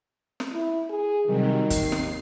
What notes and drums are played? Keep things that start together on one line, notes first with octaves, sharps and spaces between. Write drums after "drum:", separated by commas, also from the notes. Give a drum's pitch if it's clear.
drum: snare
E4
G#4
C3 D#3 F#3 G3
D#2 C7, drum: kick, hi-hat
drum: snare